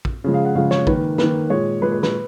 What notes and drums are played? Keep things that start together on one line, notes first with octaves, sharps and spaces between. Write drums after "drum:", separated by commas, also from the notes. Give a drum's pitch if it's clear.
drum: kick
C#3 F3 G#3
F5
F#5
C#3 F3 G#3 F5
C#5, drum: snare
D#3 A#3 B4, drum: kick
D#3 A#3 B4, drum: snare
A#2 G#3 C#5
A#2 G#3 B4
B4
B4, drum: snare